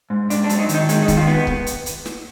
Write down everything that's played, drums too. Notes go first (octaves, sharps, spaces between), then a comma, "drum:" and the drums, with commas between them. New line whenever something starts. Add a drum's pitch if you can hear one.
G#2
G#2 D4, drum: hi-hat
D4
F#3, drum: hi-hat
D#4
D#3, drum: hi-hat
D#4
G#3 D#4, drum: hi-hat
D#4
D#3, drum: kick C#1, hi-hat
F4
B3
drum: kick C#1
drum: hi-hat
drum: hi-hat
drum: snare